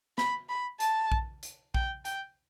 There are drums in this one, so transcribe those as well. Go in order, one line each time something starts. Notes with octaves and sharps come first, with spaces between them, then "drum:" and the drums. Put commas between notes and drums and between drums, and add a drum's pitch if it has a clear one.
B5, drum: snare
B5
A5, drum: hi-hat
drum: kick A#1
drum: hi-hat
G5, drum: kick A#1
G5, drum: hi-hat